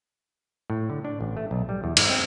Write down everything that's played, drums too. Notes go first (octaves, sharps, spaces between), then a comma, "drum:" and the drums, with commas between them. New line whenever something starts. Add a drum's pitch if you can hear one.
A2
D3
D4
A1
A3
B1
G3
E2
G#2, drum: cymbal
C4